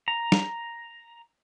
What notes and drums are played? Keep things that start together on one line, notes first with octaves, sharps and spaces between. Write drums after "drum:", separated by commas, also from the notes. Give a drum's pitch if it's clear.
A#5
drum: snare